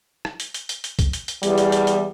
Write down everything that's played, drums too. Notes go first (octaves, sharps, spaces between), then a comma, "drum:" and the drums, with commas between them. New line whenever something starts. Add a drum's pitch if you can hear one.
drum: rim click
drum: hi-hat
drum: hi-hat
drum: hi-hat
drum: hi-hat
drum: kick B1, hi-hat
drum: hi-hat
drum: hi-hat
E2 G3, drum: hi-hat
drum: hi-hat
drum: hi-hat
drum: hi-hat